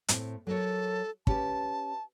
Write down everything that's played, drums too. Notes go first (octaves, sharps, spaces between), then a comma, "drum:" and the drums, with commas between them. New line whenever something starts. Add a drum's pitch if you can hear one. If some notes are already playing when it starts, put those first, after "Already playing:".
A2 A3 C4, drum: hi-hat
F#3 A4 A#4 C#5
C#4 G4 B4 A5, drum: kick